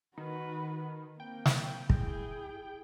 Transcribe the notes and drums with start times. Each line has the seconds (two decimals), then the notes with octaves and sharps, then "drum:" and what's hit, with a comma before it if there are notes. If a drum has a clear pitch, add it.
0.17 D#3 F#4 B4
1.20 A#3 C4 G5
1.46 drum: snare
1.90 E4 G#4, drum: kick